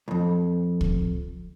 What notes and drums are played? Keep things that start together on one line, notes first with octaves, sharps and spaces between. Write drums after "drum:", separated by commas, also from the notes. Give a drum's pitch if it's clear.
B1 F2
drum: kick